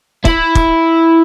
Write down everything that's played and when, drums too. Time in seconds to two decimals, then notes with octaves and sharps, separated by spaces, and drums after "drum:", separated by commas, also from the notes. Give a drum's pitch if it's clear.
0.25 E4, drum: kick
0.55 drum: kick